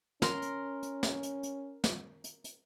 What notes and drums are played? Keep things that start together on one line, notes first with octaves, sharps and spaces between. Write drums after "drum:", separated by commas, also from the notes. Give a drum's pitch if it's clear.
C#4 A#4 C6, drum: snare
drum: hi-hat
drum: hi-hat
drum: snare
drum: hi-hat
drum: hi-hat
drum: snare
drum: hi-hat
drum: hi-hat